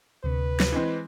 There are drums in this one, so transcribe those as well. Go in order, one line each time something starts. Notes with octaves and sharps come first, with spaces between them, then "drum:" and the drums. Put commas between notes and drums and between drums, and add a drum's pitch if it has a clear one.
D2 C3 B4
drum: snare
E3 G#3 C4